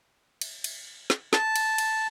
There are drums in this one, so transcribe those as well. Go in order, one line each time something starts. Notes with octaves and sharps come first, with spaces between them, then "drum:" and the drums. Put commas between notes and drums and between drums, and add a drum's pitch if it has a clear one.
drum: cymbal
drum: cymbal
drum: snare
A5, drum: snare
drum: cymbal
drum: cymbal